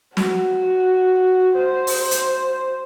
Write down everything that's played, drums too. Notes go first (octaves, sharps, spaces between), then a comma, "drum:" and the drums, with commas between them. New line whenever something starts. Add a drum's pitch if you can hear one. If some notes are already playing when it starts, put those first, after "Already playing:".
F#4, drum: snare
C5
drum: open hi-hat
drum: hi-hat